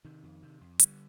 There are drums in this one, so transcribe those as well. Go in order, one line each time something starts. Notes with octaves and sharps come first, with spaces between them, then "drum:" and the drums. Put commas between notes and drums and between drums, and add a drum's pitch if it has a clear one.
C3 D#3
F2
C3
F2
D3 G3, drum: hi-hat